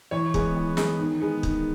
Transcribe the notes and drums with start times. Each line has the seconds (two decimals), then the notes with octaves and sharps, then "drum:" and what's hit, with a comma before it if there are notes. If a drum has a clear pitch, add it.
0.11 E3 C#5
0.34 G#3 B3, drum: kick
0.55 E3
0.77 G#3 B3, drum: snare
0.99 D#3
1.20 G#3 B3
1.43 D#3, drum: kick